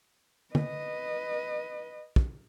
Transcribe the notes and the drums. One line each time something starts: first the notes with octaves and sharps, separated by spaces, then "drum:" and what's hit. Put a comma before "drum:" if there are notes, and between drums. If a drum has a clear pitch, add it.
B4 D#5, drum: tom D3
drum: kick